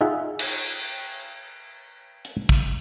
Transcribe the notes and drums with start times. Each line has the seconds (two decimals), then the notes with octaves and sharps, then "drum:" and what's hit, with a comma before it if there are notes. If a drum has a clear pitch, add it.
0.01 D#4 F4 G#4 E5 F#5
0.39 drum: cymbal
2.25 drum: hi-hat
2.49 drum: kick